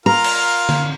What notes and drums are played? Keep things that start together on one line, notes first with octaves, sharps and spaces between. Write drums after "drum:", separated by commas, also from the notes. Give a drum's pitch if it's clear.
F4 A#4 F5 A#5
drum: cymbal
drum: tom D3